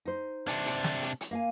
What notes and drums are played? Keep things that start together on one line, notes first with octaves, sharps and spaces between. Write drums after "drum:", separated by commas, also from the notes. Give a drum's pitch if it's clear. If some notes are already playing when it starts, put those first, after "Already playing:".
D#4 C5
C3 D4, drum: hi-hat
drum: hi-hat
drum: snare
drum: hi-hat
drum: hi-hat
A#3 F5 G#5